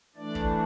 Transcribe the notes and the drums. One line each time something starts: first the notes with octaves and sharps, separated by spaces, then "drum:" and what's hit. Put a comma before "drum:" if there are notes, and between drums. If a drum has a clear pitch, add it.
E3 A3 D4 D5
drum: kick